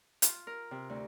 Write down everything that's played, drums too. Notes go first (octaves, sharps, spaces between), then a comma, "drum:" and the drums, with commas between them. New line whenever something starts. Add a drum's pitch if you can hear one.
F4, drum: hi-hat
A#4
C3
D2